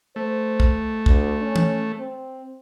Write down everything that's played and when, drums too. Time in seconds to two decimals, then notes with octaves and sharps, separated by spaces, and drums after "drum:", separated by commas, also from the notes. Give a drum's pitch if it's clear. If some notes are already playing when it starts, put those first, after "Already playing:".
0.16 A3 C5
0.60 drum: kick
1.06 D2, drum: kick
1.41 C#4
1.56 drum: tom E3
1.98 C4